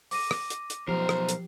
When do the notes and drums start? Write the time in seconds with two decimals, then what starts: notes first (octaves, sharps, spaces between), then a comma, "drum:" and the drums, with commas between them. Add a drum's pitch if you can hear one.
0.11 D6 A#6 D#7, drum: open hi-hat
0.31 drum: rim click
0.50 drum: hi-hat
0.70 drum: hi-hat
0.88 B1 F3 G4 A#4 C5 C7
1.09 drum: rim click
1.29 drum: hi-hat